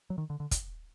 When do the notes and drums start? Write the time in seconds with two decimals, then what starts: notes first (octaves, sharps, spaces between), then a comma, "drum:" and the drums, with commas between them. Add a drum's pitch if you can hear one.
0.10 F#3
0.18 D#3
0.30 D3
0.40 D3
0.51 drum: kick, hi-hat